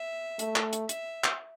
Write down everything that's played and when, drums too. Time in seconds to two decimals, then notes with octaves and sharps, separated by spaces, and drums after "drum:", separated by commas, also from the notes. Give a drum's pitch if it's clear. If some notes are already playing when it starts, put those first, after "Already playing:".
Already playing: E5
0.39 A3, drum: hi-hat
0.56 drum: clap
0.73 drum: hi-hat
0.89 E5, drum: hi-hat
1.24 drum: clap